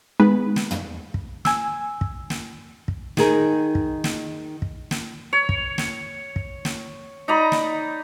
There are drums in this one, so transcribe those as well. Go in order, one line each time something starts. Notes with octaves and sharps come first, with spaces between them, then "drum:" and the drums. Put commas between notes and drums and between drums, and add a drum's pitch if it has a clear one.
D#3 G#3 B3 B4
drum: snare
drum: tom
drum: kick
G#5 E6, drum: snare
drum: kick
drum: snare
drum: kick
D#3 D#4 G#4 A#4, drum: snare
drum: kick
drum: snare
drum: kick
drum: snare
C#5
drum: kick
drum: snare
drum: kick
drum: snare
D#4 D5 A#5 B5
drum: snare